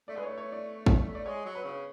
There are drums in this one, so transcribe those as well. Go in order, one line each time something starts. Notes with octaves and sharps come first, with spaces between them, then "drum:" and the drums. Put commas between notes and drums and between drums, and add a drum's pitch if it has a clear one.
A3 D5
G#3 B4
A3 C#5
C#5
D5
drum: kick
D5
G#3 C#5
F#3
B4
C#3